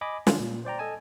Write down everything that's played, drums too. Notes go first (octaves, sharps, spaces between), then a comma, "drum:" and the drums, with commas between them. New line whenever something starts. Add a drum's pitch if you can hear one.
D#5 G#5 B5 D6
D3 F3 C#4 D4 F4, drum: snare
A#2
C5 D5 G5 A#5
A4 D#5 G#5 A5